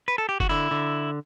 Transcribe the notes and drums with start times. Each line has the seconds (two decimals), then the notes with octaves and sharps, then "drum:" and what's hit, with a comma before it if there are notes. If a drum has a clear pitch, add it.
0.08 B4
0.18 A4
0.29 G4
0.40 F#4, drum: kick
0.49 D3 E4
0.71 D3